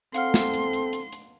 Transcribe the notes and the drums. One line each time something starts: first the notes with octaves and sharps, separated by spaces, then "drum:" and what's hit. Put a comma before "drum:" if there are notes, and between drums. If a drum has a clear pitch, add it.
C4 A4 F5 F#5 C6 F6, drum: hi-hat
drum: snare
drum: hi-hat
drum: hi-hat
drum: hi-hat
drum: hi-hat